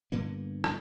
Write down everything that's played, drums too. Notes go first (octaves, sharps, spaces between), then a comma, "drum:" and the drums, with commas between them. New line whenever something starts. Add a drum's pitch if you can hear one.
G2 D3 A#3 B3
drum: rim click